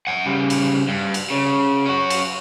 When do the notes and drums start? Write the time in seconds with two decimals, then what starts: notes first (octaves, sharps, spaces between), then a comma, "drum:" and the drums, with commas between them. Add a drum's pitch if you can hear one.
0.07 F#5 G#5
0.26 C#3 G3
0.50 drum: cymbal
0.88 G2
1.14 drum: cymbal
1.30 C#3
1.86 C#4 F#4
2.10 drum: cymbal